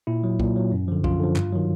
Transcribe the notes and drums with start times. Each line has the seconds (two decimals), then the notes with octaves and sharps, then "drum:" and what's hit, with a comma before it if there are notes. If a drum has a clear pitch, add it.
0.07 A#2 E4
0.24 F#3
0.40 A#2, drum: kick B1
0.56 F#3
0.72 F#2
0.88 D3 F3
1.04 F#2 F4, drum: kick B1
1.20 D3 F3
1.36 G2, drum: clap
1.52 D#3 F#3